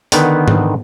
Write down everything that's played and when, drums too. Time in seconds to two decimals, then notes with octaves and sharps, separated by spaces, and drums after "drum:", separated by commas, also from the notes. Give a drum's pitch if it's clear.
0.12 D3 D#3 B3 D4, drum: hi-hat
0.48 drum: tom G#2